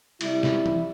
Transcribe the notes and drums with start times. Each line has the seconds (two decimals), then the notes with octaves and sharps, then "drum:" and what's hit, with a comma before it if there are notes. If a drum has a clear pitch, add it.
0.21 C3 G3 E4, drum: cymbal
0.43 drum: snare
0.66 drum: tom